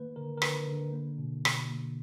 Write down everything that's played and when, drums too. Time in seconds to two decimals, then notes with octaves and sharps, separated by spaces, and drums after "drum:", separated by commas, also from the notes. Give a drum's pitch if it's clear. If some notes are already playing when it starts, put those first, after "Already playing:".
Already playing: D#3 A#3 B4
0.16 D3 A#4
0.37 A#4
0.42 D3 B4, drum: rim click
0.68 D3
0.93 A#3
1.18 B2
1.45 B2, drum: rim click
1.70 A#3